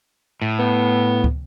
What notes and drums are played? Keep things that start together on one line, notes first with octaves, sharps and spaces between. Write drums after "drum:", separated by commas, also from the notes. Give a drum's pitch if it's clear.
A2
B3
drum: kick